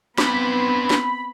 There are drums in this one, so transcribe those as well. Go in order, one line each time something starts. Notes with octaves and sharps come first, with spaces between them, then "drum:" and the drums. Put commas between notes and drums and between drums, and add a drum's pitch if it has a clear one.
B3 C4 D4 B4 B5, drum: snare
drum: snare